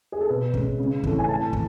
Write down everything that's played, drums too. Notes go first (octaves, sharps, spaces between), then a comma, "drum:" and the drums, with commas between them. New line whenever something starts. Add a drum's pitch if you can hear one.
G#4
A4
B2 B4
G#3 C#4, drum: kick
C#3
E3 A3 C#4, drum: kick
G#5
A2 A5
E3, drum: kick